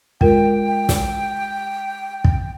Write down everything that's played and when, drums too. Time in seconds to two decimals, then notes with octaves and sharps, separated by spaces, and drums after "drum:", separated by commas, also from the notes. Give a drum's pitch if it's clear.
0.21 G#3 F4 A#4 G5, drum: kick
0.89 drum: snare
2.24 drum: kick